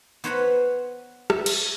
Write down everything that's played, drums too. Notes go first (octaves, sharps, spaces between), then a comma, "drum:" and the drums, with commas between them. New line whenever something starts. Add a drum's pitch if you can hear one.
B3 C5 C#5 F#5 A#5 B5
E5, drum: rim click
drum: cymbal